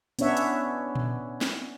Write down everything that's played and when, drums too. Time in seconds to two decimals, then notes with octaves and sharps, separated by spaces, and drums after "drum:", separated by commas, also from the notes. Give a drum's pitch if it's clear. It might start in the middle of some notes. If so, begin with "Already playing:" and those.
0.19 B3 C#4 D4 C#5 E5 F#5, drum: hi-hat
0.37 drum: hi-hat
0.95 drum: tom A#2
1.41 drum: snare